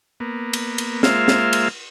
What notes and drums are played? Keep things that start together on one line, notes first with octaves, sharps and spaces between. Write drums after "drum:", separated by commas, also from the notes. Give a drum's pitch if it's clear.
A#3 B3
drum: cymbal
drum: cymbal
G#3 A#3 F4 C5 E5 F5, drum: snare
drum: snare
drum: cymbal